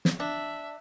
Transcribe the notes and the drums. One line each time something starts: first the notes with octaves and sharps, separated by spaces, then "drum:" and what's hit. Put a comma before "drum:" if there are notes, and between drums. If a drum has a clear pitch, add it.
drum: snare
D4 E5